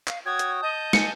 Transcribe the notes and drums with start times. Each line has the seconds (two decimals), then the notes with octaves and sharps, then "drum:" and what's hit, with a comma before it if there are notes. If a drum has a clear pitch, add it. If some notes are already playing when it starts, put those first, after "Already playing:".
0.07 F5, drum: clap
0.26 F#4 C#5 G5 D#6 G#6
0.39 drum: hi-hat
0.63 D#5 A5 G6
0.93 G#5 C#7, drum: snare